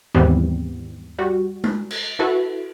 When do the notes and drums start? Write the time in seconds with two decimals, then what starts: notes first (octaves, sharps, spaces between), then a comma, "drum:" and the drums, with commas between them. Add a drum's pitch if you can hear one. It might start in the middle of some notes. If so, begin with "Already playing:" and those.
0.15 D#2 G#2 E3 G3 B3 C4
1.18 G3 F#4
1.64 drum: tom G#3
1.91 drum: cymbal
2.19 E4 F#4 A4 B4 E5